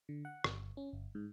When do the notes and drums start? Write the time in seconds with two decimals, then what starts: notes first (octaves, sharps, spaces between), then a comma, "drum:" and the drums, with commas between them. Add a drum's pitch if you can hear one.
0.09 D3
0.25 F#5
0.44 G1, drum: rim click
0.77 C#4
0.93 G1
1.15 G#2